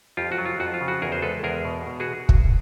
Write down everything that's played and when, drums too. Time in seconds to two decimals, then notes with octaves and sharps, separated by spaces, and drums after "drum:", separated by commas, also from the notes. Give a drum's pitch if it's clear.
0.17 F2 F4 G4
0.32 F#4
0.38 F#3
0.46 F4
0.60 F2 F#4
0.74 F4
0.81 C#3
0.88 F#4
1.02 E2 G#4 A#4
1.12 C5
1.22 G#3 A4 B4
1.43 E2 G#4 A#4
1.65 B2
1.87 B2
2.00 F#4 G#4
2.29 drum: kick